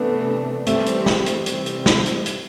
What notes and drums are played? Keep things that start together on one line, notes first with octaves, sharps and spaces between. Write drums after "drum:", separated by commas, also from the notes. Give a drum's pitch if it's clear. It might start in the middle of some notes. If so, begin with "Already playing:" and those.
Already playing: C3 E3 A3 B3 D4
E3 G3 A3 C4 G4, drum: hi-hat
drum: hi-hat
drum: snare
drum: hi-hat
C3 E3 G3 C4, drum: hi-hat
drum: hi-hat
drum: snare
drum: hi-hat
drum: hi-hat